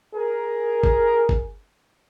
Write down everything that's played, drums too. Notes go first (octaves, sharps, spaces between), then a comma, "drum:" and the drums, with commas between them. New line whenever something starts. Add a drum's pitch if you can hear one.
G#4 A#4
drum: kick G1
drum: kick G1